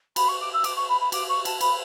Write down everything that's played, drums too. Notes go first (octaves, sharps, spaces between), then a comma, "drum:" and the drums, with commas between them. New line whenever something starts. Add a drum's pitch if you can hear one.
B5, drum: cymbal
C#6
D6
E6
D6, drum: cymbal
C#6
B5
B5
D6, drum: cymbal
C#6
A5, drum: cymbal
B5, drum: cymbal